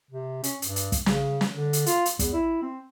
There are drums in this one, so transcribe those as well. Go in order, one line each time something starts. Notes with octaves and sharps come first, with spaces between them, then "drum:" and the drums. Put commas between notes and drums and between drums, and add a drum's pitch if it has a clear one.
C3
C#4, drum: hi-hat
G2, drum: hi-hat
drum: hi-hat
drum: kick, hi-hat
C#3, drum: snare
drum: snare
D3
drum: hi-hat
F4, drum: hi-hat
drum: hi-hat
E2, drum: kick, hi-hat
E4
C4